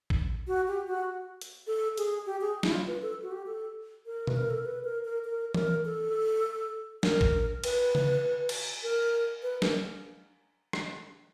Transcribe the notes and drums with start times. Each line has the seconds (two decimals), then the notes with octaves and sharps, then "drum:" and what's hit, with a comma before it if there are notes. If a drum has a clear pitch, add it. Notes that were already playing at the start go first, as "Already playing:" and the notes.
0.10 drum: kick
0.47 F#4
0.67 G4
0.87 F#4
1.41 drum: hi-hat
1.67 A4
1.98 G#4, drum: hi-hat
2.26 G4
2.41 G#4
2.63 E4, drum: snare
2.71 F4
2.87 B4
3.02 A4
3.22 F#4
3.31 G4
3.46 A4
4.06 A#4
4.27 B4, drum: tom B2
4.36 A#4
4.50 A4
4.58 A#4
4.66 B4
4.84 A#4
5.05 A#4
5.24 A#4
5.54 A#4, drum: tom E3
5.85 A4
7.03 A#4, drum: snare
7.21 drum: kick
7.64 B4, drum: cymbal
7.95 drum: tom C#3
8.49 drum: cymbal
8.83 A#4
9.43 B4
9.62 A#4, drum: snare
10.73 drum: rim click